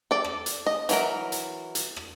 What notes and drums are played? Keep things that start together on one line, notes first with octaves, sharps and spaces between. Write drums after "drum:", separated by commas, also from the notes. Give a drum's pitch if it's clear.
A4 D5
drum: rim click
drum: hi-hat
D#5
E3 F#3 A#4, drum: hi-hat
drum: hi-hat
drum: hi-hat
drum: rim click